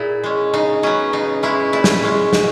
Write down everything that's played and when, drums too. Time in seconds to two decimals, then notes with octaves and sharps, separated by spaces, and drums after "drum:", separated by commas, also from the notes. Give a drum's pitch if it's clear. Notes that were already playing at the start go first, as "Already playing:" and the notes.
Already playing: A#2 E4 G#4
0.24 G#3 C#4
0.53 C#3 D#4
0.83 F#3 B3 C#4
1.13 C#3 D#4
1.43 G#3 C#4 E4
1.73 A#2 E4
1.84 drum: snare
2.03 G#3 C#4
2.33 B2, drum: snare